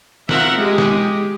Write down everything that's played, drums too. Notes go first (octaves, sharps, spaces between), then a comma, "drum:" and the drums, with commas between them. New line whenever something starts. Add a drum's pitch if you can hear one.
C4 F4 A#4 E5 F#5, drum: snare
G#3 G4
drum: snare